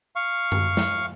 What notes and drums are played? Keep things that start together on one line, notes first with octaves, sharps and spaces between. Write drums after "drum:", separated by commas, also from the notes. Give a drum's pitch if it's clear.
F5 C#6
drum: tom F#2
drum: snare